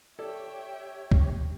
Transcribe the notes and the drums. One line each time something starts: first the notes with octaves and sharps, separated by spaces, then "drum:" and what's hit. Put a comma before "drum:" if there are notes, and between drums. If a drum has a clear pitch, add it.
G4 A4 C#5 D5 E5 G5
drum: kick C2